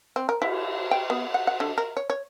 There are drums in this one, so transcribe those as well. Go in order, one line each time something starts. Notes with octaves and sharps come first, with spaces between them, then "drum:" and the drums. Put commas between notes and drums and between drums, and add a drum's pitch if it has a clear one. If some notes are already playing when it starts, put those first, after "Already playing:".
C4
A#4
E4, drum: cymbal
G5
B3
F#5
F#5
D3
A#4
C#5
C#5